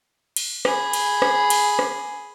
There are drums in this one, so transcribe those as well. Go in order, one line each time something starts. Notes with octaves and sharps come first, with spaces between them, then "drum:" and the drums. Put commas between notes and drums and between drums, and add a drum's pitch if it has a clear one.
drum: cymbal
G#4 B5, drum: rim click
drum: cymbal
drum: rim click
drum: cymbal
drum: rim click